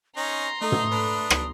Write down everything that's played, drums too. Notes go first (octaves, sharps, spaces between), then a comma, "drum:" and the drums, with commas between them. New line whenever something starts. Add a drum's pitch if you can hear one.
C#4 D#4 A#5 C6 A#6
A3 D#4 A4 D#6
drum: tom
D4 B4
drum: rim click